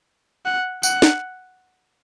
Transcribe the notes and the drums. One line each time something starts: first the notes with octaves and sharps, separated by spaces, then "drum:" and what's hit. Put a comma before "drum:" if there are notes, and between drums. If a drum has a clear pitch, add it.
F#5
F#5, drum: tambourine
drum: snare